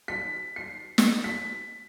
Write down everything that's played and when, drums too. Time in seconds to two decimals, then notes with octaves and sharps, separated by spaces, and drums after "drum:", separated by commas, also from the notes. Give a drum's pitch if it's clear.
0.08 B6
0.56 C7
0.98 drum: snare
1.24 B6